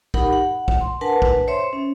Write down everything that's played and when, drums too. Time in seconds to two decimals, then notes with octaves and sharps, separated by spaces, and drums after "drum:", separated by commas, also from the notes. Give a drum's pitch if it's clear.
0.14 D#4 G4 A#4 F#5 B5, drum: kick
0.33 F#5
0.68 drum: kick
0.81 C6
1.01 D4 A#4 B4 F#5 G#5 A5
1.22 drum: kick
1.47 C5 C#5 E5 C6
1.73 C#4